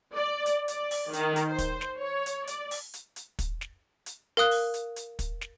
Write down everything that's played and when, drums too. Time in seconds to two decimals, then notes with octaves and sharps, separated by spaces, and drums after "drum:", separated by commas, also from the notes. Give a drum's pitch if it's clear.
0.16 D5
0.46 drum: hi-hat
0.68 D5, drum: hi-hat
0.91 drum: open hi-hat
1.13 D#3, drum: hi-hat
1.36 drum: hi-hat
1.49 C5
1.58 drum: kick, hi-hat
1.81 drum: snare
1.97 C#5
2.26 drum: hi-hat
2.47 D5, drum: hi-hat
2.71 drum: open hi-hat
2.94 drum: hi-hat
3.16 drum: hi-hat
3.39 drum: kick, hi-hat
3.61 drum: snare
4.06 drum: hi-hat
4.37 A#4 F5 D#6 F#6
4.51 drum: open hi-hat
4.74 drum: hi-hat
4.96 drum: hi-hat
5.19 drum: kick, hi-hat
5.41 drum: snare